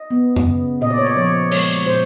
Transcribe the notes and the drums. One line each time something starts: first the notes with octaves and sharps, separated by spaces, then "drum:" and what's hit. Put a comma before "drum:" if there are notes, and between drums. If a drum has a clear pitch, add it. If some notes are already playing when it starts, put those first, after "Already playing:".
Already playing: D#5
B3
drum: tom F#2
C#3
A#2 D#5
D5
C#5
D5
F3 C#5
G#3 C#5, drum: cymbal
A#2 C5